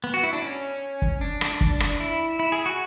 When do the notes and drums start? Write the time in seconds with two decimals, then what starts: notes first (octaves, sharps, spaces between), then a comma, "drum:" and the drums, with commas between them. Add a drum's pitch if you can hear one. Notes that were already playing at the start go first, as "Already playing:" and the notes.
0.04 B3
0.14 F#4
0.23 E4
0.33 D4
0.42 C#4
1.02 drum: kick
1.21 D4
1.41 drum: rim click
1.61 drum: kick
1.80 drum: rim click
2.00 E4
2.40 E4
2.52 G#4
2.66 F#4